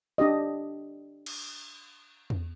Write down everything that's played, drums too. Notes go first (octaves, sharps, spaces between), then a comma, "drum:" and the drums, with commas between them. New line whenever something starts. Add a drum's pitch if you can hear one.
D4 G4 D#5
drum: cymbal
drum: tom E2